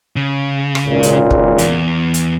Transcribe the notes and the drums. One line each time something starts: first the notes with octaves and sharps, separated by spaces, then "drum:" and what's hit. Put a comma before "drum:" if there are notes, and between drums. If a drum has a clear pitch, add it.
C#3
drum: rim click
G#1 C#2 A#2
drum: hi-hat
drum: kick
E2, drum: hi-hat
drum: hi-hat